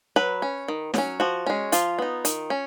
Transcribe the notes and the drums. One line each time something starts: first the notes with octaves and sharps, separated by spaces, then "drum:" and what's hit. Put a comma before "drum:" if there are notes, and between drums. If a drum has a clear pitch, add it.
F#3 B4
C#4
D#3
F#3 C#4, drum: snare
F3 F#4
G#3 C#4
F3 F4, drum: hi-hat
B3 D#4
D#3, drum: hi-hat
C#4